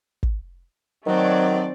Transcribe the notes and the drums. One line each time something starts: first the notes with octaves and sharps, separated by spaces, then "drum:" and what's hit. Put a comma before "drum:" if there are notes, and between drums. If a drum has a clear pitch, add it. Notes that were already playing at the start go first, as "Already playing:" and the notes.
drum: kick
D#3 F#3 A3 C4 D5